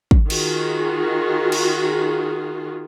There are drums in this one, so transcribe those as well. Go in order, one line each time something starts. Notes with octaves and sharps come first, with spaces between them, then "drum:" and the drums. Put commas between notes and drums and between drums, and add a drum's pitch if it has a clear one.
drum: kick
D#3 F4 F#4 G#4, drum: cymbal
drum: cymbal